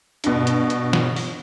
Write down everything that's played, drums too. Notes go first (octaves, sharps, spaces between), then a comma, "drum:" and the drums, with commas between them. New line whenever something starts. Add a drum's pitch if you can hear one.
G2 B2, drum: hi-hat
drum: hi-hat
drum: hi-hat
drum: snare
drum: open hi-hat